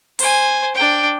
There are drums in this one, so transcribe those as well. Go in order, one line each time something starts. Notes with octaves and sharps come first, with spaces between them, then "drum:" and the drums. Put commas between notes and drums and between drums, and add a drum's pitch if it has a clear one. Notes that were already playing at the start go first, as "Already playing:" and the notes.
C5 G#5, drum: open hi-hat
D4 G5